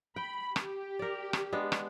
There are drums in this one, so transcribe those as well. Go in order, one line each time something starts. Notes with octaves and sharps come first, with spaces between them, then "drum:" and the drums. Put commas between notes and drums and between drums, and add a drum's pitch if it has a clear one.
G5 B5
G4, drum: rim click
A#4 D5
drum: rim click
G#3 B3 D4
drum: rim click